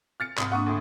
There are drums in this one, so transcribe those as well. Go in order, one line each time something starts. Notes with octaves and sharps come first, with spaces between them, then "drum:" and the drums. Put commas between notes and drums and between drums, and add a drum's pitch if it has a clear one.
F6 A6 C#7
C2 G#2 D#6, drum: clap
G#2 A#3 D4 F#5 C#6 D#6
D2 A2